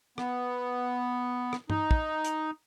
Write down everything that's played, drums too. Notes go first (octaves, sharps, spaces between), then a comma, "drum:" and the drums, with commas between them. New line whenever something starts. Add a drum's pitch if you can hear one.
B3, drum: rim click
drum: rim click
D#4, drum: tom G2
drum: kick
drum: hi-hat